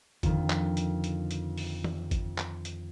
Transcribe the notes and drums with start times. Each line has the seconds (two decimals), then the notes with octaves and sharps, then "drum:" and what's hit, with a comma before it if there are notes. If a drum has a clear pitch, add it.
0.23 F2 D3 D#3, drum: kick, hi-hat
0.50 drum: clap
0.77 drum: hi-hat
1.04 drum: hi-hat
1.31 drum: hi-hat
1.58 drum: open hi-hat
1.84 drum: tom E3
2.11 drum: kick, hi-hat
2.38 drum: clap
2.65 drum: hi-hat